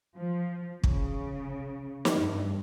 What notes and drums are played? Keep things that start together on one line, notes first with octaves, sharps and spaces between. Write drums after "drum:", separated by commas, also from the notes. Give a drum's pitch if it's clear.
F3
C#3, drum: kick
drum: snare
G2